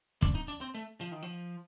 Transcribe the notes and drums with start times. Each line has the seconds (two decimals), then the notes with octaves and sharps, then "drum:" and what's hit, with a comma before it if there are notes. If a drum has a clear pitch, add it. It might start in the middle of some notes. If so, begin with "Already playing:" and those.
0.22 D4, drum: kick
0.35 D#4
0.48 D4
0.61 C4
0.75 A3
1.01 F3
1.12 D#3
1.22 F3